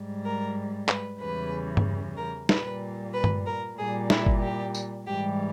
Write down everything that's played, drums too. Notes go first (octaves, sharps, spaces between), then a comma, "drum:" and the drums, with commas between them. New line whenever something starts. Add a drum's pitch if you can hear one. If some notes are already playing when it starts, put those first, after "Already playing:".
Already playing: G#2 G3
A#4
B4, drum: clap
E2 C#3 E3 G3 B4
drum: tom G2
A#4
A#2 G3 B4, drum: snare
B4
drum: tom G2
A#4
A#2 G3 G#4
E4, drum: snare
drum: kick G1
G4
drum: tambourine
G#2 E3 G3 G4